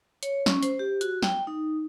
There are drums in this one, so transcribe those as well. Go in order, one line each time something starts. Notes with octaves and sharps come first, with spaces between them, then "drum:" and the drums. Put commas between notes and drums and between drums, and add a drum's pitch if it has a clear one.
C#5, drum: hi-hat
C#4, drum: snare
C5, drum: hi-hat
G4
F#4, drum: hi-hat
G5, drum: snare
D#4